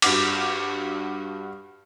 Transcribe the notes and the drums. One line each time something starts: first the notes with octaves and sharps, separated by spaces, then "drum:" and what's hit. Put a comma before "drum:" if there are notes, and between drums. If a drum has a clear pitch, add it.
G2 F#4 D6, drum: cymbal